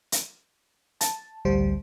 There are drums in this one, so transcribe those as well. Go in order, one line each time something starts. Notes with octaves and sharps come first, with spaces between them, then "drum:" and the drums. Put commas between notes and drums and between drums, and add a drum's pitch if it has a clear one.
drum: hi-hat
A5, drum: hi-hat
A1 D2 G3 C5